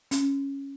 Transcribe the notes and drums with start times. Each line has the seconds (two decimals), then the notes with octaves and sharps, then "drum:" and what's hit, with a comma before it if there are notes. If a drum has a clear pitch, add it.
0.11 C#4, drum: hi-hat